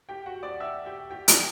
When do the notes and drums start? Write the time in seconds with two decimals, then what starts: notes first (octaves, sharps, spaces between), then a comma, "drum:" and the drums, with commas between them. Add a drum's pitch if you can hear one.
0.09 G4 G5
0.26 F#4 F#5
0.43 D5 D6
0.60 E5 E6
0.85 G4 G5
1.11 G4 G5
1.28 G4 G5, drum: hi-hat